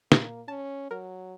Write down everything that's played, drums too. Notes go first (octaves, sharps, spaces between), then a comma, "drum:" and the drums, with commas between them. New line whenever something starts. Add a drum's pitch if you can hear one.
A#2 A#3, drum: snare
C#4 A5
F#3 A#4